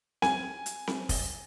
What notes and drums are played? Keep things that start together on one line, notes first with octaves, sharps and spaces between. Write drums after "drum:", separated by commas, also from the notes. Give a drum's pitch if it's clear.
G#5, drum: snare C4
drum: hi-hat
drum: snare C4
drum: kick, open hi-hat